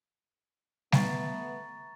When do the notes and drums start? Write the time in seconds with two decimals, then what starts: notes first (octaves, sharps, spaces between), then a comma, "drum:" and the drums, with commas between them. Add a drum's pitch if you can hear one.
0.92 A3 B3 A#5 C#6 A6, drum: snare G3